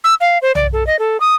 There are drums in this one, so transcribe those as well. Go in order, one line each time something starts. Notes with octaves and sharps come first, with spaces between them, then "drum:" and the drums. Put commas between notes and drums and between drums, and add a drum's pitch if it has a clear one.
E6
F5
C5
D5, drum: tom
A4
D#5
A4
D#6